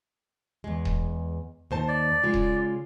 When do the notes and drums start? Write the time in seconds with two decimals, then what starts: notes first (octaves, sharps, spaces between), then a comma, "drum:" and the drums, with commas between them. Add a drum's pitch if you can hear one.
0.64 E2 G#3
0.85 drum: kick D#1
1.71 D#2 C5 A5
1.88 D5
2.23 C#3 G#3 F4
2.34 drum: kick D#1